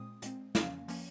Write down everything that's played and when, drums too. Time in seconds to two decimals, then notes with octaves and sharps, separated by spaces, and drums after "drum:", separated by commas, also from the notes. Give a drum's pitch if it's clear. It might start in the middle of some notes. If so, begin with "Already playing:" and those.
Already playing: A#2 G#3 C4 D#6
0.22 A#2 G#3 C4, drum: hi-hat
0.55 F3 A#3 C#4 F5, drum: snare
0.88 F3 A#3 C#4, drum: open hi-hat